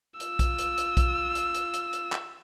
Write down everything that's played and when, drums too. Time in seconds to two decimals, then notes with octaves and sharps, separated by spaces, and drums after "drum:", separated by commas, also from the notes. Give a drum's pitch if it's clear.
0.20 F4 E6, drum: hi-hat
0.39 drum: kick B1, hi-hat
0.58 drum: hi-hat
0.78 drum: hi-hat
0.97 drum: kick B1, hi-hat
1.35 drum: hi-hat
1.55 drum: hi-hat
1.74 drum: hi-hat
1.93 drum: hi-hat
2.12 drum: clap